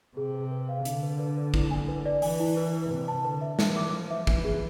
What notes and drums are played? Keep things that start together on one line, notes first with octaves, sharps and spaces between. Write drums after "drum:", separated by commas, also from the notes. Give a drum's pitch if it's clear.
C3 G#4
B4
B4
F5
D3 D4, drum: hi-hat
B4
B4
B4
E4, drum: kick
G#5
B4
D5
E3 G#5, drum: open hi-hat
E4
B4
B4
C3 B4
A5
D3 B4
E5
E3 E5, drum: snare
D6
F3 B4
E5
E3 G#5, drum: kick
G#4